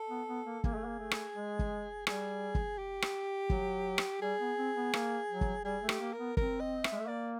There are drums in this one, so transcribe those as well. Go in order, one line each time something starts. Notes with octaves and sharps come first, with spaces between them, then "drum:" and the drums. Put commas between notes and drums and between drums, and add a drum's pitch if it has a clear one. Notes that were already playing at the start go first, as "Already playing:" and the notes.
Already playing: A4
B3
B3
A#3
A#3 G#4, drum: kick
A3
A#3
A3
drum: rim click
G#3
drum: kick
G3 G#4, drum: rim click
drum: kick
G4
drum: rim click
F#3, drum: kick
drum: rim click
G3 G#4
B3
C4
B3
A#3, drum: rim click
F#3
drum: kick
G3 G#4
A3
G4, drum: rim click
A#3
A#4
B3
C4 A#4, drum: kick
D#5
E5, drum: rim click
G#3
A3
A#3 D5